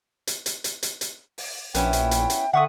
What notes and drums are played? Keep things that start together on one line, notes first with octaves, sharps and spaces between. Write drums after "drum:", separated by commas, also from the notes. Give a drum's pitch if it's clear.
drum: hi-hat
drum: hi-hat
drum: hi-hat
drum: hi-hat
drum: hi-hat
drum: open hi-hat
A#1 B3 C#4 E4 G5, drum: hi-hat
drum: hi-hat
drum: hi-hat
drum: hi-hat
D3 E5 F#5 C#6 D#6